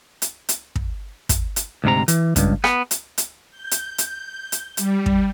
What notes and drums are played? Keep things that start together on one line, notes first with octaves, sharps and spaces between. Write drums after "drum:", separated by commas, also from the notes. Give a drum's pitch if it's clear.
drum: hi-hat
drum: hi-hat
drum: kick
drum: kick, hi-hat
drum: hi-hat
D2 G#2 C3 A#5
E3, drum: hi-hat
C#2 G2, drum: kick, hi-hat
B3, drum: rim click
drum: hi-hat
drum: hi-hat
G6
drum: hi-hat
drum: hi-hat
drum: hi-hat
G3, drum: hi-hat
drum: kick